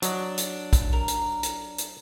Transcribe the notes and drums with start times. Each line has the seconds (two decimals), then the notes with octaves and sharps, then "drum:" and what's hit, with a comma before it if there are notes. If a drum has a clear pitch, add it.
0.02 F#3 D4 D#5, drum: hi-hat
0.38 drum: hi-hat
0.73 drum: kick, hi-hat
0.93 A#4
1.08 drum: hi-hat
1.43 drum: hi-hat
1.78 drum: hi-hat